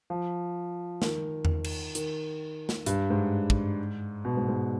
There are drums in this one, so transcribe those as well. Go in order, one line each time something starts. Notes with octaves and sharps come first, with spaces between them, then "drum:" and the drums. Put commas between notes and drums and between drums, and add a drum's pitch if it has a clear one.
F3
D#3, drum: snare
drum: tom E2
drum: cymbal
D#3, drum: hi-hat
drum: snare
G2, drum: hi-hat
G#2
drum: kick
B2
G#2
G#2